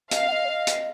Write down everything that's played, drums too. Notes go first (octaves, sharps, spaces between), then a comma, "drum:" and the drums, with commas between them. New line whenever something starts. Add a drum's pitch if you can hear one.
D#5 F5, drum: hi-hat
F#5
D#5
C#5
D#5
drum: hi-hat